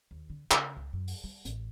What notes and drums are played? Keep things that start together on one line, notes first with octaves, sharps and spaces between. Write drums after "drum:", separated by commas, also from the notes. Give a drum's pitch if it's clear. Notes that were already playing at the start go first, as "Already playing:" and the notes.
D#2
D3
C#3, drum: clap
C#2
F#2
drum: open hi-hat
G3
A1, drum: hi-hat